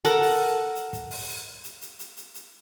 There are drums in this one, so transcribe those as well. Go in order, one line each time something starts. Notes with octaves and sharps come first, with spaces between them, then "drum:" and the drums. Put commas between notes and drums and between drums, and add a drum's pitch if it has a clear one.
A4 A#4 F#5 A5, drum: hi-hat
drum: open hi-hat
drum: hi-hat
drum: kick, hi-hat
drum: open hi-hat
drum: hi-hat
drum: hi-hat
drum: hi-hat
drum: hi-hat
drum: hi-hat
drum: hi-hat